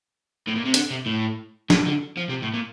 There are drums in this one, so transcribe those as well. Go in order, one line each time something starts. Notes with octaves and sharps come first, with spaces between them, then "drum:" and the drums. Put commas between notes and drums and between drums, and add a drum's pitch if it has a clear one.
A2
A#2
C3
D3, drum: hi-hat
C3
A2
A#2, drum: snare
D3
F3
C3
A2
A#2